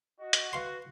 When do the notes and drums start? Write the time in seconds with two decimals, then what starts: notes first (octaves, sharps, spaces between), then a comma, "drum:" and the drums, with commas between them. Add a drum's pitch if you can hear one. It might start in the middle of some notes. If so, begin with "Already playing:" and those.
0.19 F#4 D#5
0.33 drum: hi-hat
0.53 F#4 B4 F5 C6